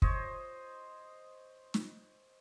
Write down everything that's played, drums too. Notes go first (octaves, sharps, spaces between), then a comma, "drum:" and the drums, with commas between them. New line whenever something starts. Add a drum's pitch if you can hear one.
C5 C#5 D#5, drum: kick
drum: snare